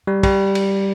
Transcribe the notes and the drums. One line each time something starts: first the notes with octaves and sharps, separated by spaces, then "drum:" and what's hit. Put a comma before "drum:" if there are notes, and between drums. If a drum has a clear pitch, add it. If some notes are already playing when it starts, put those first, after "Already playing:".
G3
G3, drum: kick, cymbal
drum: cymbal